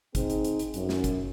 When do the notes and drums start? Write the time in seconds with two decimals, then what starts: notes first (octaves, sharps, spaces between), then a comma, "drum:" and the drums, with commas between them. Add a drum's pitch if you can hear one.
0.15 C4 D#4 G#4, drum: kick G1, hi-hat
0.30 drum: hi-hat
0.45 drum: hi-hat
0.59 drum: hi-hat
0.74 F#2, drum: hi-hat
0.89 drum: snare
1.04 drum: kick G1, hi-hat